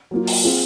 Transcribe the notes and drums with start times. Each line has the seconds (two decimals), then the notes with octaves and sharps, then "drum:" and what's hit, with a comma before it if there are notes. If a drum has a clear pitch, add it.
0.11 F#3 A#3 F4
0.27 drum: open hi-hat
0.44 C4 F4 G#4